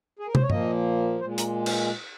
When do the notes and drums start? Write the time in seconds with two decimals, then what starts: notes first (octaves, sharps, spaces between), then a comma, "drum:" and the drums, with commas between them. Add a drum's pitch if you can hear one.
0.19 G#4
0.27 A#4
0.35 C5, drum: tom
0.43 C#5
0.50 A#2 F3 A#3 D#5, drum: tom G2
1.20 A#2 G#3 C5
1.38 A#4, drum: hi-hat
1.66 F5, drum: cymbal